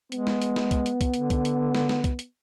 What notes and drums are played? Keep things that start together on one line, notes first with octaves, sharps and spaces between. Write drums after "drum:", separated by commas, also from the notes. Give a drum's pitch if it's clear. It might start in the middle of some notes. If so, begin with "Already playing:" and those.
G#3 B3, drum: hi-hat
drum: snare
drum: hi-hat
drum: snare
drum: kick, hi-hat
drum: hi-hat
drum: kick, hi-hat
D3, drum: hi-hat
drum: kick, hi-hat
drum: hi-hat
drum: snare
drum: snare
drum: kick, hi-hat
drum: hi-hat